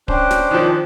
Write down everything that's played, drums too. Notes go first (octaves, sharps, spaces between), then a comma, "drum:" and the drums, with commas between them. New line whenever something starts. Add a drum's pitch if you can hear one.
C#4 D4 C5 G5 F#6, drum: kick D1
drum: snare
D#3 F3